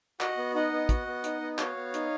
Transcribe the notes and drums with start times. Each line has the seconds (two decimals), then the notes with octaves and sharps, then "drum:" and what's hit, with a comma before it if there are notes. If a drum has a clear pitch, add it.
0.20 F#4 D#5 F#5, drum: clap
0.38 B3
0.55 D#4 D#5 F#5
0.72 B3
0.89 F#4, drum: kick, hi-hat
1.07 B3
1.24 D#4, drum: hi-hat
1.41 B3
1.58 F#4 C#5 F5, drum: clap
1.76 B3
1.94 D#4, drum: hi-hat